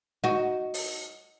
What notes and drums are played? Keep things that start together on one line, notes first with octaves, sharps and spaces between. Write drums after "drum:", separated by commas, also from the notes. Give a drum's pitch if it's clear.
D#4 F#4
drum: open hi-hat